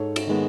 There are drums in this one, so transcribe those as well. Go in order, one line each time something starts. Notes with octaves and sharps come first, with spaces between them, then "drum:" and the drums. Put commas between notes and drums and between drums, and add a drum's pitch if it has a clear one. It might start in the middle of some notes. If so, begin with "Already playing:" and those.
Already playing: G#2 A4 C#5
drum: cymbal
D#3 G#3 B3